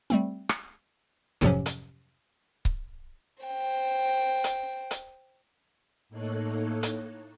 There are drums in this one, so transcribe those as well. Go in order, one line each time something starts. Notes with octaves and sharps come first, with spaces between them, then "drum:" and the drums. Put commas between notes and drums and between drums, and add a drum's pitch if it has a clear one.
G3 A3 C4
drum: rim click
F2 G#2 C3 F3 F#3 C#4, drum: snare
drum: hi-hat
drum: kick C#1
C5 G5
drum: hi-hat
drum: hi-hat
A2 A#3 D#4 A4 C#5 F#6
drum: hi-hat